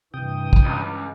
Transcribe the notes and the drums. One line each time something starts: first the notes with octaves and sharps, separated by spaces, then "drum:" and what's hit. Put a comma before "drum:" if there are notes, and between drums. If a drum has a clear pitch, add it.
G2 C3 E3 G5 D#6
drum: kick
C#2